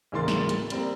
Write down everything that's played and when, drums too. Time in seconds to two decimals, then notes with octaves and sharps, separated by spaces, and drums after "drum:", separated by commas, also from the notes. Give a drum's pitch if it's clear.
0.12 D1 C#3 E3 A#3 C6 A6
0.28 drum: snare
0.49 drum: hi-hat
0.70 G3 A#3 C4, drum: hi-hat